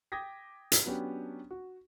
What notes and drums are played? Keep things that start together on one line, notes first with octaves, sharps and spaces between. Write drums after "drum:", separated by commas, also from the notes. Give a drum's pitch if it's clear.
G5 D6 D#6 G#6 A#6 B6
drum: hi-hat
F#3 B3 C#4 D4 G4
F#4